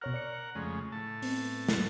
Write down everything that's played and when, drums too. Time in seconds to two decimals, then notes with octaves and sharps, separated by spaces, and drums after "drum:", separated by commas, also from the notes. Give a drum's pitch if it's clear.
0.02 B2 A#4 C#5 F#5 F6
0.14 D5 C#7
0.55 F2 C#3 G#3 A3
0.92 A2 A5
1.22 B3 C4, drum: open hi-hat
1.68 drum: snare